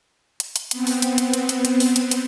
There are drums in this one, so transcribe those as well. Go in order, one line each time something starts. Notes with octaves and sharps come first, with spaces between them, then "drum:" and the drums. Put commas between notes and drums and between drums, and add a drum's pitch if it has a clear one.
drum: hi-hat
drum: hi-hat
B3 C4, drum: hi-hat
drum: open hi-hat
drum: hi-hat
drum: hi-hat
drum: hi-hat
drum: hi-hat
drum: hi-hat
drum: open hi-hat
drum: hi-hat
drum: hi-hat